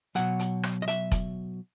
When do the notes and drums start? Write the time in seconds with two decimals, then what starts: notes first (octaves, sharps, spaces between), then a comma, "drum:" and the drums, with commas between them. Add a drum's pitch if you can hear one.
0.15 B2 F#3 F#5, drum: hi-hat
0.39 drum: hi-hat
0.63 drum: rim click
0.82 D#5
0.88 E5, drum: hi-hat
1.12 drum: kick F1, hi-hat